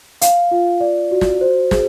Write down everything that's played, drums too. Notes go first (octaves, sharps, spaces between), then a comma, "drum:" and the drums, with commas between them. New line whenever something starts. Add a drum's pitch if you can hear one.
F5, drum: hi-hat
F4
D5
F#4
drum: snare
C5
G#4, drum: snare